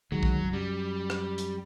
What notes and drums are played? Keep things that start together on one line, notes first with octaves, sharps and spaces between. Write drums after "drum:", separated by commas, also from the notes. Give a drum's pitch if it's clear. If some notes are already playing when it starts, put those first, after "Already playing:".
D2 D#3 F#3 G#3
drum: kick B1
F#1 C2
F#2 G3
drum: rim click
drum: hi-hat